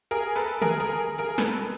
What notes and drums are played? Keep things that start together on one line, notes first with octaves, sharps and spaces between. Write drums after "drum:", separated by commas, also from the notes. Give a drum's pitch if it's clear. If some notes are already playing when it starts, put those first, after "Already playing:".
G#4 A#4
A4 B4
G#4 A#4, drum: tom D3
G#4 A#4
G#4 A#4
A4 B4, drum: snare